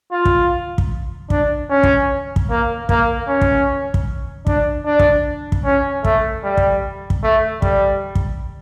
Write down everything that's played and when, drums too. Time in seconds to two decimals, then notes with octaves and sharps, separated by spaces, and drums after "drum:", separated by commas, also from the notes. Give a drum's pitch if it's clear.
0.12 F4
0.25 drum: kick
0.78 drum: kick
1.30 D4, drum: kick
1.70 C#4
1.83 drum: kick
2.36 drum: kick
2.50 A#3
2.89 A#3, drum: kick
3.28 C#4
3.41 drum: kick
3.94 drum: kick
4.47 D4, drum: kick
4.86 D4
4.99 drum: kick
5.52 drum: kick
5.65 C#4
6.04 A3, drum: kick
6.44 G3
6.57 drum: kick
7.10 drum: kick
7.23 A3
7.62 G3, drum: kick
8.15 drum: kick